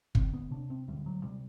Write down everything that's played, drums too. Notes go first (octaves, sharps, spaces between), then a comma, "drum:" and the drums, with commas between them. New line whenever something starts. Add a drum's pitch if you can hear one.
D2 C4, drum: kick
B3
C3 D4
C4
D2 G3
F#3
C3 G3